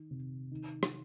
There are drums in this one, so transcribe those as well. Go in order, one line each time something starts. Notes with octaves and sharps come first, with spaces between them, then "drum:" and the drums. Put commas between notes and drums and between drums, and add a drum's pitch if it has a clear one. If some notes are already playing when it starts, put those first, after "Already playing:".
Already playing: D#3
C3
D#3
drum: rim click